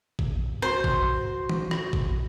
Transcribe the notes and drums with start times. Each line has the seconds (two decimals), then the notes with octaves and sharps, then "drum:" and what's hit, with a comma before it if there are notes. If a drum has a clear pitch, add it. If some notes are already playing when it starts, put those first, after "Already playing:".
0.19 drum: kick
0.62 F#4 C5
0.84 drum: kick
1.49 drum: tom E3
1.71 drum: rim click
1.93 drum: kick